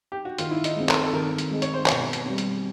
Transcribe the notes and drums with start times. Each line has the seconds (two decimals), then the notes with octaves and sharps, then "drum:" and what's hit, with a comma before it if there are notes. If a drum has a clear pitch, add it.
0.12 G4
0.25 F#4
0.38 D#3 F4, drum: hi-hat
0.51 E4
0.64 D#4, drum: hi-hat
0.76 G#3 C4
0.89 A4, drum: clap
1.06 A4
1.13 D#3 A#4
1.38 drum: hi-hat
1.51 G#3 C4
1.62 C#5, drum: hi-hat
1.74 C5
1.86 B2 C#5, drum: clap
2.13 drum: hi-hat
2.25 G3 C4
2.38 drum: hi-hat